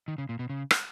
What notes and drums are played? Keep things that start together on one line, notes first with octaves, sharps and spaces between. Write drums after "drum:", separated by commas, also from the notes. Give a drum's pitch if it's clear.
D#3
C#3
A#2
B2
C#3
drum: rim click